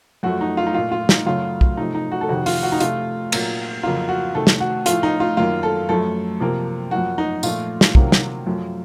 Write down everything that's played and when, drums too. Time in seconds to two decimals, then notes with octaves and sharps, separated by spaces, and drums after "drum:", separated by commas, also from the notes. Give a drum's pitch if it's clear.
0.23 F#2 F3 A3 F#4
0.41 D#4
0.57 F4
0.67 D#4
0.74 A#2 A3 F4
0.92 F4
1.09 D#4, drum: snare
1.26 F#2 C#3 F#3 A3 F4
1.61 drum: kick
1.77 C3 F3 A3 D#4
1.95 D#4
2.12 F#4
2.21 A4
2.29 F2 C3 D#3 F#4
2.46 F4, drum: open hi-hat
2.63 F#4
2.72 D#4
2.80 C3 F3 A3 F4, drum: hi-hat
3.32 A#2 F#3 A#3, drum: cymbal
3.83 F2 C#3 F#3 A#3 F4
4.09 F#4
4.34 C3 D#3 A3 A4
4.47 drum: snare
4.60 F#4
4.86 A2 F3 A3 F4, drum: hi-hat
5.03 D#4
5.20 F4
5.37 F#2 D#3 A#3 F4
5.63 A4
5.89 F#2 F3 A3 A4
6.40 C3 F3 A#3
6.91 F#2 F3 A#3 F#4
7.18 D#4
7.43 A#2 F3 A3 F4, drum: tambourine
7.81 drum: snare
7.95 C3 D#3 F#3 A#3, drum: kick
8.12 drum: snare
8.46 F#2 F3 A3